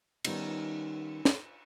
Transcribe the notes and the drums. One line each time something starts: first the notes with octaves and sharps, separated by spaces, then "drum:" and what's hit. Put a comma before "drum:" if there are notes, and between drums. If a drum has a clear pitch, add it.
D#3 G3 B3 C#4 D#4, drum: cymbal
drum: snare